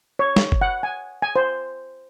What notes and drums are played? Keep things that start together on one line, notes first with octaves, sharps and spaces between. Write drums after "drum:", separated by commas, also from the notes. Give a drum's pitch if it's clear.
C#5
drum: snare
drum: kick F#1
F#5
G#5
G#5
C5